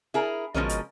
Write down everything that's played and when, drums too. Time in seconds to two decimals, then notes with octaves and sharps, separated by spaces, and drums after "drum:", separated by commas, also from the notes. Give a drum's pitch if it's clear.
0.14 E4 G#4 A#4
0.54 B2 F3 G#3 C#4 A#4 D#5, drum: tom
0.69 drum: hi-hat